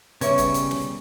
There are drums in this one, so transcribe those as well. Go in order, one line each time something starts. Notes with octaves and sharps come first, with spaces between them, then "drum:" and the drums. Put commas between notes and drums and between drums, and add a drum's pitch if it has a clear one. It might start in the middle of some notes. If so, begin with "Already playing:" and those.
C#3 G3 B3 B4 C#5 E5 C#6, drum: hi-hat
drum: kick, hi-hat
drum: hi-hat
drum: snare